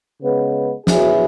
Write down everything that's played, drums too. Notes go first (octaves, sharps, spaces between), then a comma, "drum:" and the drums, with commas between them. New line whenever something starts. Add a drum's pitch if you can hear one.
C#3 G#3 B3
B2 F#3 E4 G#4, drum: snare